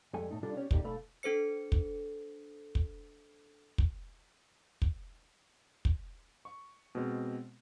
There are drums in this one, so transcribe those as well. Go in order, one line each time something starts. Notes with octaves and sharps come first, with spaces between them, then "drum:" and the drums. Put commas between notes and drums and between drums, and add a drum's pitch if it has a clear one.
F2 G3 G#3 A4 G5 G#5
A2 A3 D#4
C3 G3 D4 F4 A4
C#4 G4 C#5 D5
A#2 D3 D#4 G4, drum: kick
B1 A3 A4 F5 B5
D4 A4 C5 C#7
drum: kick
drum: kick
drum: kick
drum: kick
drum: kick
C#6
B2 G#3 C4